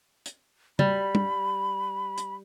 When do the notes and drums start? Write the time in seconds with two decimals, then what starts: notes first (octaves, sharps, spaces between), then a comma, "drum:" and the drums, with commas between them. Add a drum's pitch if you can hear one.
0.26 drum: hi-hat
0.79 G3 B5, drum: tom
1.15 drum: tom
2.18 drum: hi-hat